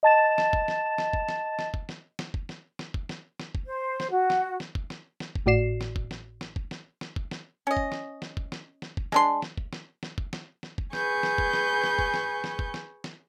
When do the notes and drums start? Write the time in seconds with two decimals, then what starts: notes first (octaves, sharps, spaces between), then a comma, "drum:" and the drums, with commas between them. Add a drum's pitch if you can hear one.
0.03 D#5 A5 A6 E7
0.38 drum: snare
0.53 drum: kick
0.68 drum: snare
0.98 drum: snare
1.13 drum: kick
1.29 drum: snare
1.59 drum: snare
1.74 drum: kick
1.89 drum: snare
2.19 drum: snare
2.34 drum: kick
2.49 drum: snare
2.79 drum: snare
2.94 drum: kick
3.09 drum: snare
3.40 drum: snare
3.55 drum: kick
3.65 C5
4.00 drum: snare
4.10 F#4
4.30 drum: snare
4.60 drum: snare
4.75 drum: kick
4.90 drum: snare
5.20 drum: snare
5.35 drum: kick
5.46 G#1 A2 F#4 D5 C7 E7
5.81 drum: snare
5.96 drum: kick
6.11 drum: snare
6.41 drum: snare
6.56 drum: kick
6.71 drum: snare
7.01 drum: snare
7.16 drum: kick
7.31 drum: snare
7.67 C#4 D#5
7.77 drum: kick
7.92 drum: snare
8.22 drum: snare
8.37 drum: kick
8.52 drum: snare
8.82 drum: snare
8.97 drum: kick
9.12 G#3 D4 C6, drum: snare
9.42 drum: snare
9.57 drum: kick
9.73 drum: snare
10.03 drum: snare
10.18 drum: kick
10.33 drum: snare
10.63 drum: snare
10.78 drum: kick
10.93 G#4 B4 G#5 C#6 G6, drum: snare
11.23 drum: snare
11.38 drum: kick
11.53 drum: snare
11.84 drum: snare
11.99 drum: kick
12.14 drum: snare
12.44 drum: snare
12.59 drum: kick
12.74 drum: snare
13.04 drum: snare